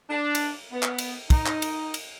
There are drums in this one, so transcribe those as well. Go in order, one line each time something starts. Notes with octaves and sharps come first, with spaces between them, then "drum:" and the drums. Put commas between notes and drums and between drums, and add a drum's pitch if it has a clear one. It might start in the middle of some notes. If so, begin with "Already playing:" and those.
D4
drum: cymbal
B3
drum: clap
drum: cymbal
D#4, drum: kick, cymbal
drum: clap
drum: cymbal
drum: cymbal